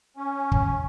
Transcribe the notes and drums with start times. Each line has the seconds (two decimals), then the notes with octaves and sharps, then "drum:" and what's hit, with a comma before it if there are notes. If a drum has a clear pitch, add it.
0.17 C#4
0.52 drum: kick